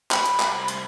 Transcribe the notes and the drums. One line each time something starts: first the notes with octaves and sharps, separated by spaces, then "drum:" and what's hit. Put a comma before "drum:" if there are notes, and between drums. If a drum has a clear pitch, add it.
C2 B5, drum: clap
drum: hi-hat
drum: clap
drum: hi-hat